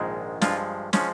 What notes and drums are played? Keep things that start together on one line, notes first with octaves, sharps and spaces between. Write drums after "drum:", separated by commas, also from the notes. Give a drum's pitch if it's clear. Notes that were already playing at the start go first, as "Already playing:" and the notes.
Already playing: A#1 G#2 D#3 G#3
G2 F3 G#3 F4, drum: snare
F3 G#3 C#4, drum: snare